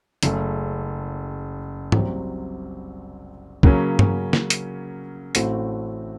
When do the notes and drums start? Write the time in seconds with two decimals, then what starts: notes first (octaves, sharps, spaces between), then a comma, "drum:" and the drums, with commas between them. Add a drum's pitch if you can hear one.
0.23 F#1 F#2 C#3 A3, drum: hi-hat
1.92 C2 C3 F#3 C4, drum: tom
3.63 C#3 F#3 A#3 C#4, drum: kick
3.99 drum: tom G2
4.33 drum: snare
4.50 drum: hi-hat
5.35 A1 A2 A3 C4 F#4, drum: hi-hat